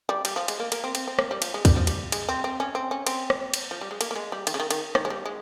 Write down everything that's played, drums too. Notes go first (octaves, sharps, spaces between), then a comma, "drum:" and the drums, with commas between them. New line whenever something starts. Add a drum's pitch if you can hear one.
G3
G3, drum: cymbal
F3
G#3, drum: cymbal
A#3
A#3, drum: cymbal
C4
C4, drum: cymbal
C4
A#3, drum: rim click
G3
F3, drum: cymbal
G#3
G3, drum: kick, cymbal
F3
G3, drum: cymbal
G#3, drum: cymbal
C4
C4
C#4
C4
C#4
C4, drum: cymbal
drum: rim click
drum: cymbal
F3
G3
G#3
A#3, drum: cymbal
A#3
G#3
G3
D#3, drum: cymbal
C#3
D#3
D#3, drum: cymbal
D#3, drum: rim click
G#3
G3
G#3